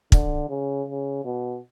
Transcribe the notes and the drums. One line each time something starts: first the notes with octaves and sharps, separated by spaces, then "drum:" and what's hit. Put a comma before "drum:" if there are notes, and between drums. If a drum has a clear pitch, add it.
D3, drum: kick
C#3
C#3
B2